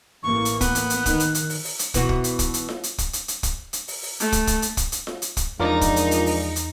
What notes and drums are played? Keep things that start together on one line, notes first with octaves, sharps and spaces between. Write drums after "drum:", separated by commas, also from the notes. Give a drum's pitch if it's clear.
A1 E3 A#3 C#6
drum: hi-hat
B3 F#6, drum: kick, hi-hat
drum: hi-hat
drum: hi-hat
D#3, drum: kick, hi-hat
drum: hi-hat
drum: hi-hat
drum: open hi-hat
drum: open hi-hat
drum: hi-hat
B2 E3 F#4, drum: kick, hi-hat
drum: kick
drum: hi-hat
drum: kick, hi-hat
drum: hi-hat
drum: snare F4
drum: hi-hat
drum: kick, hi-hat
drum: hi-hat
drum: hi-hat
drum: kick, hi-hat
drum: hi-hat
drum: open hi-hat
drum: open hi-hat
A3, drum: hi-hat
drum: kick, hi-hat
drum: kick, hi-hat
drum: hi-hat
drum: kick, hi-hat
drum: hi-hat
drum: snare F4
drum: hi-hat
drum: kick, hi-hat
E2 F3 G#3 D4 D#4 F4 A#4 D5
drum: kick, hi-hat
drum: hi-hat
drum: hi-hat
drum: open hi-hat
drum: hi-hat